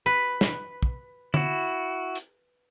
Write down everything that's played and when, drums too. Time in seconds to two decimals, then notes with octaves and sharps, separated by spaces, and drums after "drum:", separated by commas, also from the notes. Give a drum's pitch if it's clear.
0.06 B4
0.41 drum: snare
0.83 drum: kick
1.34 E4 F#4, drum: tom
2.15 drum: hi-hat